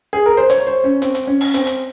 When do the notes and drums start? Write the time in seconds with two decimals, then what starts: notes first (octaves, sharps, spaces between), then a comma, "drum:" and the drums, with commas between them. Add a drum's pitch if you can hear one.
0.13 G#4
0.26 A#4
0.37 C5
0.50 C#5, drum: hi-hat
0.67 C5
0.84 C#4
1.02 C4, drum: hi-hat
1.15 drum: hi-hat
1.27 C#4
1.41 drum: open hi-hat
1.54 C4, drum: hi-hat
1.67 drum: hi-hat